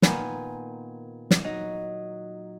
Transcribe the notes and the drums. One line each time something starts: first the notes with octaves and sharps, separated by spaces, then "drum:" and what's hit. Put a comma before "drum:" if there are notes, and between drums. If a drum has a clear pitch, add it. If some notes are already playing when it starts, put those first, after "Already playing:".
A#2 D#3 B3 G#5, drum: snare
drum: snare
F#3 D#4 D#5